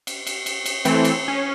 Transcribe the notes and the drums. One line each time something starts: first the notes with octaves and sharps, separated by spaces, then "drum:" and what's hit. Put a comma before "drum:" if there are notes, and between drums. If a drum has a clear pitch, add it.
drum: cymbal
drum: cymbal
drum: cymbal
drum: cymbal
E3 A3 C4, drum: cymbal
drum: cymbal
C#4